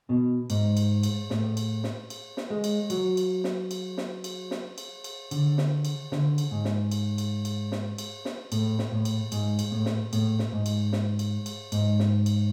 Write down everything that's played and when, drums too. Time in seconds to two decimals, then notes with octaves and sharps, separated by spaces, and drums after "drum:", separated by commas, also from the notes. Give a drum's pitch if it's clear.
0.09 B2
0.50 G#2, drum: cymbal
0.77 drum: cymbal
1.03 drum: cymbal
1.30 A2, drum: snare
1.57 drum: cymbal
1.84 drum: snare
2.10 drum: cymbal
2.37 drum: snare
2.50 G#3
2.64 drum: cymbal
2.90 F#3, drum: cymbal
3.17 drum: cymbal
3.44 drum: snare
3.71 drum: cymbal
3.97 drum: snare
4.24 drum: cymbal
4.51 drum: snare
4.78 drum: cymbal
5.04 drum: cymbal
5.31 D3, drum: cymbal
5.58 drum: snare
5.85 drum: cymbal
6.12 D3, drum: snare
6.38 drum: cymbal
6.51 G#2
6.65 drum: snare
6.91 drum: cymbal
7.18 drum: cymbal
7.45 drum: cymbal
7.72 drum: snare
7.98 drum: cymbal
8.25 drum: snare
8.52 A2, drum: cymbal
8.79 drum: snare
8.92 A2
9.05 drum: cymbal
9.32 G#2, drum: cymbal
9.59 drum: cymbal
9.72 A2
9.86 drum: snare
10.13 A2, drum: cymbal
10.39 drum: snare
10.53 G#2
10.66 drum: cymbal
10.92 drum: snare
11.19 drum: cymbal
11.46 drum: cymbal
11.72 G#2, drum: cymbal
11.99 drum: snare
12.26 drum: cymbal